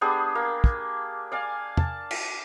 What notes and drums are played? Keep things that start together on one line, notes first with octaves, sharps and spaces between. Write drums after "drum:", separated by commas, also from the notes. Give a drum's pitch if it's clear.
B3 D4 G4 G#4
A#3
drum: kick
D5 F5 G#5
A5, drum: tom
drum: cymbal